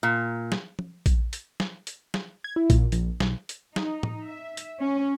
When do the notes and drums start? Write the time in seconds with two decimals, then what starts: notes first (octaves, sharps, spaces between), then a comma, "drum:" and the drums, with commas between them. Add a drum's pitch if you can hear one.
0.03 A#2
0.52 drum: snare
0.79 drum: tom
1.06 drum: kick A#1, hi-hat
1.33 drum: hi-hat
1.60 drum: snare
1.87 drum: hi-hat
2.14 drum: snare
2.44 G#6
2.56 E4
2.70 A#2, drum: kick A#1, hi-hat
2.92 A#1, drum: hi-hat
3.20 B1, drum: snare
3.49 drum: hi-hat
3.76 D#4, drum: snare
4.03 drum: tom A2
4.27 E5
4.57 drum: hi-hat
4.79 C#4